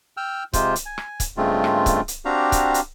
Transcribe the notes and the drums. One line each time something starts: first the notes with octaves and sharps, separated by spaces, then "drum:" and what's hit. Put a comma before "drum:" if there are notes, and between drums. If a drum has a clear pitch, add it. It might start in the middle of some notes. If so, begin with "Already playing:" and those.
G5 E6 F6
C3 G#3 F4 C5, drum: kick, hi-hat
drum: hi-hat
G#5
drum: rim click
drum: kick, hi-hat
G2 C#3 G#3 A3 C4 F4
drum: rim click
drum: kick, hi-hat
drum: hi-hat
C4 D4 F#4 G4 F5 A#5
drum: kick, hi-hat
drum: hi-hat